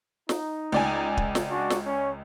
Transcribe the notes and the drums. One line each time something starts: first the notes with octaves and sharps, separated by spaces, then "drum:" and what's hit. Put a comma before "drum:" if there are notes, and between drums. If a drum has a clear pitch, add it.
D#4, drum: snare
C#2 D5 G#5
drum: kick
drum: snare
D4 F#4
drum: snare
C#4